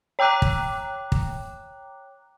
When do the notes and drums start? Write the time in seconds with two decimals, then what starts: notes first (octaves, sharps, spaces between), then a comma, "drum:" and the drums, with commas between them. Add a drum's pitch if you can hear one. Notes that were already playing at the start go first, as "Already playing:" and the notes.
0.19 C#5 G5 A#5 D6 F#6
0.42 drum: kick
1.12 drum: kick